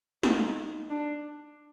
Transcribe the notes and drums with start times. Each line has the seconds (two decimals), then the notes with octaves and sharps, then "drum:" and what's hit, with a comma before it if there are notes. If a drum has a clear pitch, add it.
0.23 D#4, drum: snare
0.90 D4